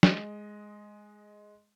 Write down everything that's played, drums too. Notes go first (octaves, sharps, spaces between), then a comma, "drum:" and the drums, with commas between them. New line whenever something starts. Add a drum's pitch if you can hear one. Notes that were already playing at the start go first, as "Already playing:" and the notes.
G#3 D#5, drum: snare